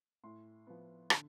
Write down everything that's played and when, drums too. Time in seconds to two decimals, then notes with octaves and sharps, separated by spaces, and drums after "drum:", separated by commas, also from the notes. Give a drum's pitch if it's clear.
0.24 A2 C6
0.67 F3 B3
1.10 D3, drum: rim click